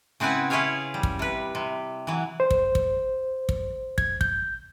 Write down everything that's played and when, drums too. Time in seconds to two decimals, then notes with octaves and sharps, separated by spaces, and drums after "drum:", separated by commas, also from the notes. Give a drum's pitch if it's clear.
0.20 C#3 C4 E4 B4 F#5 G#5
0.50 C#4 E4 F4 G#4 C#5 F5
0.94 G3
1.03 drum: kick
1.19 C3 B4
1.55 C3
2.07 E3 F#3
2.40 C5
2.51 drum: kick
2.75 drum: kick
3.49 drum: kick
3.98 G#6, drum: kick
4.21 G6, drum: kick